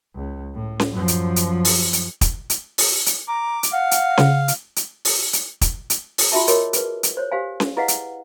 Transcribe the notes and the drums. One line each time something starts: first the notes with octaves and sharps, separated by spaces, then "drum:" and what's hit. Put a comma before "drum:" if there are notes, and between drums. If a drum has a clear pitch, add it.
C#2
A2
drum: snare C#4
F#2 F3
drum: hi-hat
drum: hi-hat
drum: open hi-hat
drum: hi-hat
drum: kick, hi-hat
drum: hi-hat
drum: open hi-hat
drum: hi-hat
A#5 D6
drum: hi-hat
F5 F#5
drum: hi-hat
C#3, drum: snare C#4
drum: hi-hat
drum: hi-hat
drum: open hi-hat
drum: hi-hat
drum: kick, hi-hat
drum: hi-hat
drum: open hi-hat
F4 F#4 G#4 E5 A5
F#4 A#4 C#5 D#5 D6 E6, drum: hi-hat
G#4 B4, drum: hi-hat
drum: hi-hat
C5 C#5
G4 C5 F5 G#5
drum: snare C#4
E4 G#4 B4 D#5 F5 F#5
drum: hi-hat